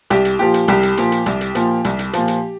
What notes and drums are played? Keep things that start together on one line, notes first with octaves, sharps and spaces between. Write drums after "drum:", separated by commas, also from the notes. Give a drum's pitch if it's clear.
C2 G4, drum: hi-hat
drum: hi-hat
A#2 F3 G4
drum: hi-hat
C2 G4, drum: hi-hat
drum: hi-hat
A#2 F3, drum: hi-hat
drum: hi-hat
C2, drum: hi-hat
drum: hi-hat
A#2 F3, drum: hi-hat
C2, drum: hi-hat
drum: hi-hat
A#2 F3, drum: hi-hat
drum: hi-hat